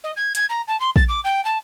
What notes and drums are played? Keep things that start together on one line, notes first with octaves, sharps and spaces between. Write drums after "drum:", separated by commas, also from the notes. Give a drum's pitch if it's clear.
D#5
G#6
G#6, drum: hi-hat
A#5
A5
C6
A6, drum: kick
D6
G5
A5